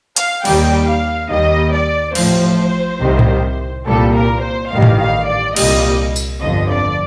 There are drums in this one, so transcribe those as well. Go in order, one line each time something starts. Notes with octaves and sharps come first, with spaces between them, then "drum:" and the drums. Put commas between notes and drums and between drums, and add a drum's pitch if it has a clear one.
F5, drum: hi-hat
D#2 D#3 G3 G5, drum: cymbal
F5
D#2 D#3 G3 D#5
D5
A1 A2 F3 C5, drum: cymbal
C2 C3 D#3 G3
drum: tom A2
C2 A#2 G3 A4
A#4
C5
A1 G2 D#3 G3 F5
drum: tom A2
F5
D5
C2 A#2 G3 D#5, drum: cymbal
drum: tambourine
G1 F2 D3 F3 D#5
D5